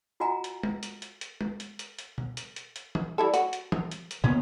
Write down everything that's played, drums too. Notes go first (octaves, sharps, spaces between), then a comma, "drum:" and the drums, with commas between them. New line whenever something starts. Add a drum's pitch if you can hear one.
F4 F#4 D#5 F#5 G#5 A#5
drum: hi-hat
drum: tom
drum: hi-hat
drum: hi-hat
drum: hi-hat
drum: tom
drum: hi-hat
drum: hi-hat
drum: hi-hat
drum: tom
drum: hi-hat
drum: hi-hat
drum: hi-hat
drum: tom
G3 E4 A4
F#4, drum: hi-hat
drum: hi-hat
drum: tom
drum: hi-hat
drum: hi-hat
A#2 C#3 B3 C#4